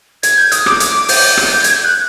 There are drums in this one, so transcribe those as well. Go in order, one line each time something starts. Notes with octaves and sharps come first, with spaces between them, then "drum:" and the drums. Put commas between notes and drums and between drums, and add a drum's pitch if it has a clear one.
G#6, drum: hi-hat
G6
D#6, drum: hi-hat
D6, drum: rim click
drum: hi-hat
G6, drum: open hi-hat
drum: rim click
G#6, drum: hi-hat
G6
F#6